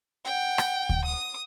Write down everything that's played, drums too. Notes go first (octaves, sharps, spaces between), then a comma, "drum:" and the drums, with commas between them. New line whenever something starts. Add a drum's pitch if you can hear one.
F#5 G5
drum: rim click
drum: kick D2
D#6